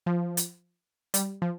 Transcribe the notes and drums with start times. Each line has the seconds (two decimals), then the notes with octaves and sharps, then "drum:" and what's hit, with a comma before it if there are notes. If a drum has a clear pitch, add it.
0.06 F3
0.37 drum: hi-hat
1.14 G3, drum: hi-hat
1.42 F3